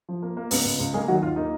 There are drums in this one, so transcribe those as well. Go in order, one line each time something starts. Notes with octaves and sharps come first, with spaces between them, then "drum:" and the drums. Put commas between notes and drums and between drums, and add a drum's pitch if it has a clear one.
F3
A#3
A#3
C#2 B3 B4, drum: open hi-hat
C#2
C#2
G#3 A#3 G#4
D#3 F#3 F#4
D#2 F4
A#3 D#4